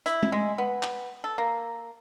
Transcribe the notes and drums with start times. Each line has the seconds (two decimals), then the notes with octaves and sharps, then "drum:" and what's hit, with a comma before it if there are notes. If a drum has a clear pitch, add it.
0.06 E4, drum: hi-hat
0.23 drum: tom G#3
0.32 G#3
0.58 B3
0.83 drum: clap
1.24 A4
1.38 A#3